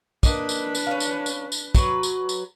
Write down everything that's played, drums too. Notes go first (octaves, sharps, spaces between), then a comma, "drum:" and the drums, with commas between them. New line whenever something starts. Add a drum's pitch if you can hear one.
A#3 D4 B4 D#5, drum: kick, tambourine
drum: tambourine
drum: tambourine
C#4 F5
drum: tambourine
drum: tambourine
drum: tambourine
F#3 B4, drum: kick, tambourine
drum: tambourine
drum: tambourine